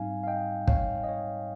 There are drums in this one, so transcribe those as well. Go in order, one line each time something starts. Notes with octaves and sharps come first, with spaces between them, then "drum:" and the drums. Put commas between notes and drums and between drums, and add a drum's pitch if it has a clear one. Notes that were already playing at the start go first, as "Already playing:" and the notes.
Already playing: G#2 G3 C4 D#4 F5 G#5
F5
D#5 G5
C#5 F5, drum: kick
D#5
C#5